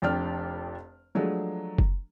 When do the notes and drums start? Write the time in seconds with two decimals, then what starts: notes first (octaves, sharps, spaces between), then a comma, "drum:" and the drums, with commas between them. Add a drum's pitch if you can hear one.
0.02 F1 F2 D4 D5 G5 F6
1.15 F3 F#3 G#3 A3 D4
1.78 drum: kick F#1